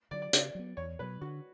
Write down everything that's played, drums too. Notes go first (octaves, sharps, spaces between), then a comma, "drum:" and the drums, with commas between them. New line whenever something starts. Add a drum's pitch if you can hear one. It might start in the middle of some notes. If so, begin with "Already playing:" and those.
D3 F#3 D5
D5
C#3 D5, drum: hi-hat
F#3 B3
E2 C#5
B2 F#3 B4
D3 F#4